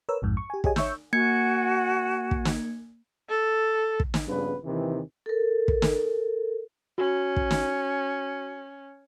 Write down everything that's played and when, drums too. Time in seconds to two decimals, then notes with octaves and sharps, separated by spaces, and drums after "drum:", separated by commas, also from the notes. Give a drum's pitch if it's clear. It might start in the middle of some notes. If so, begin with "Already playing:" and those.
0.09 A#4 B4 C#5 E6
0.22 A#1 F2 G#2
0.37 C#6
0.50 G4 G#5
0.64 G4 G#4 C#5 D#5 G#5, drum: kick
0.76 C#5 E5 C#6 E6 G6, drum: snare
1.13 A#3 F#4 F#5 G#5 G#6 C#7
2.31 drum: kick
2.45 drum: snare
3.29 A4
4.00 drum: kick
4.14 drum: snare
4.28 A#1 G2 C#3 G3 B3 B4
4.63 D#2 C3 D#3 E3
5.26 A4 A#4
5.68 drum: kick
5.82 drum: snare
6.98 C#4 F#4
7.37 drum: kick
7.51 drum: snare